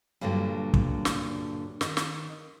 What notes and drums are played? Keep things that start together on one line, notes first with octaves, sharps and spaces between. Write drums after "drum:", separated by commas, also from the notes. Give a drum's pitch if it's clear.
G2 A#2 D3 F#3 G3
drum: kick
drum: snare
D#3, drum: snare
drum: snare